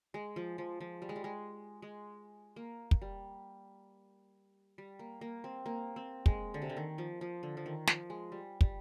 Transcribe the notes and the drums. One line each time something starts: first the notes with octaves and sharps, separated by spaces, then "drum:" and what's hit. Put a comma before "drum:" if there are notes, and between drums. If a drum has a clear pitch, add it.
G#3
F3
F3
F3
G3
G#3
G3
G#3
G#3
A#3
drum: kick
G3
G3
A#3
A#3
C4
A#3
C4
G#3, drum: kick
D3
C3
D3
D#3
F3
F3
D3
F3
D#3
F3, drum: snare
G#3
G3
G3, drum: kick